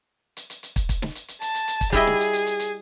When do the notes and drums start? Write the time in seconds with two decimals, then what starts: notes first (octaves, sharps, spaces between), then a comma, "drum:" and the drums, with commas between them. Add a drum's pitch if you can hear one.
0.37 drum: hi-hat
0.50 drum: hi-hat
0.63 drum: hi-hat
0.76 drum: kick, hi-hat
0.89 drum: kick, hi-hat
1.02 drum: snare
1.15 drum: hi-hat
1.28 drum: hi-hat
1.42 A5, drum: hi-hat
1.55 drum: hi-hat
1.68 drum: hi-hat
1.81 drum: kick, hi-hat
1.92 G3 E4 G#4 D#5, drum: kick, hi-hat
2.07 drum: snare
2.20 drum: hi-hat
2.33 drum: hi-hat
2.46 drum: hi-hat
2.60 drum: hi-hat